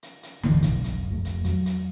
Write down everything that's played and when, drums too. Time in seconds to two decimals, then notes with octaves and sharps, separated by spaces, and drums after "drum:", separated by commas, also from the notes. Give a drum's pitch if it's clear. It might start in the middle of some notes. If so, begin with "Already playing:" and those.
0.03 drum: hi-hat
0.23 drum: hi-hat
0.43 D1 G1 D3 E3, drum: snare
0.62 F1 B1, drum: hi-hat
0.84 drum: hi-hat
1.11 F2 A3
1.25 drum: kick, hi-hat
1.44 F#3, drum: hi-hat
1.66 drum: hi-hat